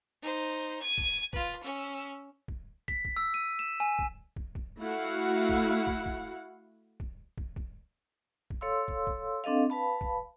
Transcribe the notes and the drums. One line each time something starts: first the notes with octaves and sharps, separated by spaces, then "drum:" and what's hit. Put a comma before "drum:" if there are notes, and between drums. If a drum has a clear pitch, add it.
D#4 C5
G#6 D#7
drum: kick
F4 B4, drum: kick
C#4 E6
drum: kick
B6, drum: kick
drum: kick
E6
D#7
E7
G#5
drum: kick
drum: kick
drum: kick
A3 E4 F#4 F5 F#5
drum: kick
drum: kick
drum: kick
drum: kick
drum: kick
drum: kick
drum: kick
A4 C#5 F5 C6 E6
drum: kick
drum: kick
C4 D4 A4 D#5 F5
B4 F5 A5 B5
drum: kick